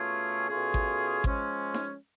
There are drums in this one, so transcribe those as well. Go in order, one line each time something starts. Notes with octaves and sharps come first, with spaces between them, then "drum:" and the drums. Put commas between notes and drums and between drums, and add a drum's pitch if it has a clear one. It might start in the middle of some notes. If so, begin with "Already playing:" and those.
Already playing: B2 A3 C#4 F4 G#4
B2 A3 C#4 F4 G#4
drum: kick G#1
F3 G#3 C#4, drum: kick G#1
drum: snare D#4